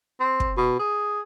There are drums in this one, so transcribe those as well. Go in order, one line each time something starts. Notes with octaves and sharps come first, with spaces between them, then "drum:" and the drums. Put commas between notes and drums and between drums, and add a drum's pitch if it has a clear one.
C4
drum: kick
B2
G#4